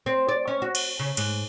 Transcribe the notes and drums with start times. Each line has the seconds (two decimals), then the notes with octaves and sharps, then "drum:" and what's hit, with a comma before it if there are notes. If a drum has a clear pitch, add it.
0.06 C4
0.29 D5
0.48 C#4
0.62 F#4
0.75 drum: cymbal
0.99 C#3
1.17 G#2, drum: cymbal